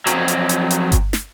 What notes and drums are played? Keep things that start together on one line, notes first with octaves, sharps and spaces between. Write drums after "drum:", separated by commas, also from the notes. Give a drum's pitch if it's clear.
F2 F#3, drum: hi-hat
drum: hi-hat
drum: hi-hat
drum: hi-hat
drum: kick G1, hi-hat
drum: snare